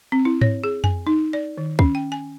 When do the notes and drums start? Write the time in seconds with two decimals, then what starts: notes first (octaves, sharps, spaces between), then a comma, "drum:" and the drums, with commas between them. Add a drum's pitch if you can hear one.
0.12 C4
0.25 E4
0.41 C#5, drum: tom G#2
0.64 G#4
0.84 G#5, drum: tom F2
1.07 D#4
1.33 D5
1.58 D#3
1.79 C#4, drum: kick
1.95 G5
2.12 G#5